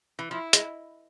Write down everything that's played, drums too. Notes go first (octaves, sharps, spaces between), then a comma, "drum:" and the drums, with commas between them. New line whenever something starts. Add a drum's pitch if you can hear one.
E3
F3 E4
G#3, drum: hi-hat